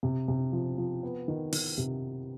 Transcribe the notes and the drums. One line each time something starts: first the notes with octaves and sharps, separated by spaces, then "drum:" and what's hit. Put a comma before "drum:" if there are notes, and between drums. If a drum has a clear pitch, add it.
C3
C3
F3
F3
B3
D#3
D#3, drum: open hi-hat
C3